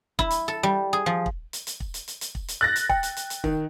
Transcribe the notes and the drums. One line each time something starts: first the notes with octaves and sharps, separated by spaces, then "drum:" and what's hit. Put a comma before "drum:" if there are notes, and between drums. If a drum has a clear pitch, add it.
E4, drum: kick
drum: hi-hat
A4
G3
G#4
F3
drum: kick
drum: hi-hat
drum: hi-hat
drum: kick
drum: hi-hat
drum: hi-hat
drum: hi-hat
drum: kick
drum: hi-hat
F#6 A6 A#6
drum: hi-hat
G5, drum: kick
drum: hi-hat
drum: hi-hat
drum: hi-hat
D#3, drum: kick